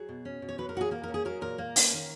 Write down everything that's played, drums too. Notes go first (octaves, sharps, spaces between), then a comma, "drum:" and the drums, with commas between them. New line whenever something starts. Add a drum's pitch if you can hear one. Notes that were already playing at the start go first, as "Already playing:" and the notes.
Already playing: F#3 G#4
B2
C#4
B2
C#5
F#3 B4
A#4
A#2 F#4
G#4
A#3 A#4
C#4 A#4
G#4
F#3 A#4
A#2 A#4
A#3
C#4, drum: open hi-hat
D#3